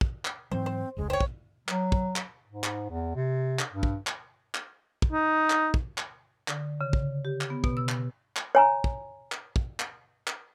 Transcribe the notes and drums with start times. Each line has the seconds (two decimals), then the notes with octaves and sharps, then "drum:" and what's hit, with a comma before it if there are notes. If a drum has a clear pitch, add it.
0.01 drum: kick
0.25 drum: clap
0.51 G#2 E3 F#3 C4 C5
0.66 C5
0.97 F1 C#2 G#3
1.10 C5 C#5 G5
1.20 drum: kick
1.68 F#3, drum: clap
1.92 drum: kick
2.16 drum: clap
2.48 G#2
2.64 drum: clap
2.90 E2
3.15 C3
3.59 drum: clap
3.73 G2
3.83 drum: kick
4.07 drum: clap
4.55 drum: clap
5.02 drum: kick
5.12 D#4
5.50 drum: clap
5.74 drum: kick
5.98 drum: clap
6.48 D3, drum: clap
6.81 C#3
6.93 drum: kick
7.25 G4
7.41 drum: clap
7.50 B3
7.64 B2, drum: kick
7.77 E6
7.89 drum: clap
8.36 drum: clap
8.55 C#5 G#5 A#5
8.84 drum: kick
9.32 drum: clap
9.56 drum: kick
9.80 drum: clap
10.27 drum: clap